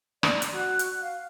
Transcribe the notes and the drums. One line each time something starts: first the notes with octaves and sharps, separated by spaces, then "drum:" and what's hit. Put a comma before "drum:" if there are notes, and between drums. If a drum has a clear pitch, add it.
D5, drum: rim click
drum: hi-hat
F#4
drum: hi-hat
F5